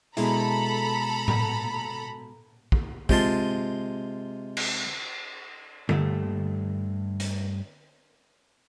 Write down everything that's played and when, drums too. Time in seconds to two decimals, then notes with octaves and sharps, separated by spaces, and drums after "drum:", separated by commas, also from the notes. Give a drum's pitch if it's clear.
0.17 B2 G#3 E4 A4 A#5 B5, drum: hi-hat
1.28 drum: tom A2
2.72 drum: kick
3.09 C3 G#3 F4 A5 C6, drum: kick
4.57 drum: cymbal
5.89 G2 A3, drum: tom D3
7.20 drum: hi-hat